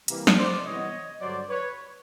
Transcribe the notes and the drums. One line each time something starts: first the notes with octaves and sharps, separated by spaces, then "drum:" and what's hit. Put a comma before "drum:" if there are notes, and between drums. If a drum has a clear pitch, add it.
C3 E3 G3 A#3, drum: hi-hat
drum: snare
C5 D5
C3 E3 G3 B3 C#5 D#5
G2 D3 F#3 C5 D5
B4 C#5